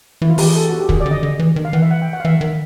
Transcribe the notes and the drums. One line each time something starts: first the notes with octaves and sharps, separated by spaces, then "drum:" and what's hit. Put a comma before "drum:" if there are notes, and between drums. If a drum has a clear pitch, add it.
E3 E4
F4
E3 G4, drum: open hi-hat
G#4
A4
F#4
G4
D#3 G#4, drum: kick
D5
D3
D#5
D3
E3
D#3
F5
E3 F#5
E5
F#5
G5
F#5
F5
E3 E5
D#3